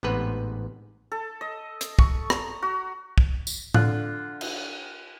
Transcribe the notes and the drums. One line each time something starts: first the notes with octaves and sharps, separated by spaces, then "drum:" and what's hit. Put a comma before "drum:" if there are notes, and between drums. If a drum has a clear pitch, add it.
A1 G#2 C3 B3 B4
A4
D#5
drum: hi-hat
C#6, drum: kick
A#5, drum: rim click
F#4
drum: kick
drum: tambourine
D3 F4 F#6, drum: tom A2
drum: cymbal